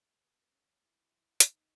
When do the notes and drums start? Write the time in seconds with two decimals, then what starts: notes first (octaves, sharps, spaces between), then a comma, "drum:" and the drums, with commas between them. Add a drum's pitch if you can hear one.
0.21 B3
0.51 C#4
0.81 G#2 F#3 A3 E4
1.40 D#4, drum: hi-hat